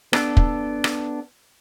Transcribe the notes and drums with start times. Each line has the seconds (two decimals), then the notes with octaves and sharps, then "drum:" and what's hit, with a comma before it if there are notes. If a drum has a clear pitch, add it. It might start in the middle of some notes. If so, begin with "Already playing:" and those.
0.13 B3 D4 A4, drum: rim click
0.37 drum: kick
0.84 drum: rim click